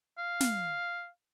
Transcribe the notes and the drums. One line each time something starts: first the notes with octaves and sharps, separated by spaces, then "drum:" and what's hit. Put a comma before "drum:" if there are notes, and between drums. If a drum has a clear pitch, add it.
F5
drum: snare